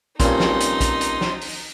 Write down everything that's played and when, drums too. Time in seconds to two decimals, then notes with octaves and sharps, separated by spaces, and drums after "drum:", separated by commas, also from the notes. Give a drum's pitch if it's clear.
0.20 G2 A#2 C4 C#4 D#4 C6, drum: kick, hi-hat
0.40 drum: snare
0.60 drum: hi-hat
0.80 drum: kick, hi-hat
1.01 drum: hi-hat
1.21 drum: snare
1.41 drum: open hi-hat